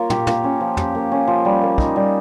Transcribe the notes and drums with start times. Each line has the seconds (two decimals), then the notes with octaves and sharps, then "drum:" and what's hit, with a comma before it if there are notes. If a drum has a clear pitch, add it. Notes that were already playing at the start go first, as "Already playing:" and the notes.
Already playing: A#3 F4 A#4 C#5
0.10 G4, drum: tom
0.27 A#3, drum: tom
0.44 C#4
0.61 F3
0.77 G4, drum: tom
0.95 A#3
1.12 C#4
1.28 F3
1.45 G3
1.62 A#3
1.78 D#4, drum: kick
1.96 G3